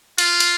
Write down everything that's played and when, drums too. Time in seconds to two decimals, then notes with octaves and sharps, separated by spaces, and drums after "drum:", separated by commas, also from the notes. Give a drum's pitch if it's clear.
0.18 F4, drum: cymbal
0.40 drum: cymbal